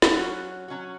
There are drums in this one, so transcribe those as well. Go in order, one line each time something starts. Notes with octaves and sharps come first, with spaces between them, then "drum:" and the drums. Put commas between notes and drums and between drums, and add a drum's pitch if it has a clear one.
F#3 C#4 F#4, drum: snare
F#3 C#4 F#4